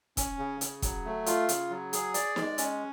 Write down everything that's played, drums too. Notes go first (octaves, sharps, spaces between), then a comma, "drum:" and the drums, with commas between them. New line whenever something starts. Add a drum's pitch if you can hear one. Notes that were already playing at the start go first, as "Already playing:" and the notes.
C#4, drum: kick, hi-hat
C#3
C#3, drum: hi-hat
F#3, drum: kick, hi-hat
A3
F4, drum: hi-hat
C#3, drum: hi-hat
F#3
G#4, drum: hi-hat
D5, drum: hi-hat
G#3, drum: snare
C#4, drum: hi-hat